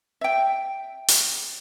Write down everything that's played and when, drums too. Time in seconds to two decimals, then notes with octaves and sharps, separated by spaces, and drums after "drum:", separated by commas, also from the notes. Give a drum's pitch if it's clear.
0.21 E5 G5
1.08 drum: hi-hat